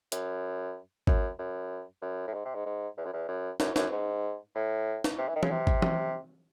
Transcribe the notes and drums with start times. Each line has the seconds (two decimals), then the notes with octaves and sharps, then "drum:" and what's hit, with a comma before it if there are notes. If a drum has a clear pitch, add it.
0.12 F#2, drum: hi-hat
1.07 F#2, drum: kick G#1
1.39 F#2
2.01 F#2
2.27 A2
2.34 G#2
2.45 C3
2.55 G#2
2.66 G#2
2.97 E2
3.05 F#2
3.13 E2
3.28 F#2
3.60 F#2, drum: snare
3.76 F#2, drum: snare
3.92 G#2
4.55 A2
5.04 drum: snare
5.18 C3
5.28 E3
5.36 D#3
5.43 C#3, drum: tom E3
5.51 C3
5.67 drum: kick G#1
5.82 drum: tom E3